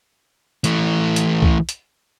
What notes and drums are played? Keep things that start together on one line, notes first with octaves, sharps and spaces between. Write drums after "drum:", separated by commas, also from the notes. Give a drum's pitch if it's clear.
E3 A3, drum: hi-hat
drum: hi-hat
drum: kick C2
drum: hi-hat